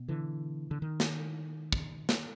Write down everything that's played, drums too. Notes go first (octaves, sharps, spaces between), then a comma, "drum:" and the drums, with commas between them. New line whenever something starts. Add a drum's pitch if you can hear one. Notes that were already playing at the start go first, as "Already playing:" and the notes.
Already playing: B2
D3 E3
D3
D#3
drum: snare
drum: kick
drum: snare